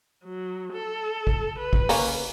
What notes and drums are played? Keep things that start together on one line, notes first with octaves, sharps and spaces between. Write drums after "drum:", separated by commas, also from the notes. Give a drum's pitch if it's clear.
F#3
A4
drum: kick
B4
drum: kick
A#3 C#4, drum: open hi-hat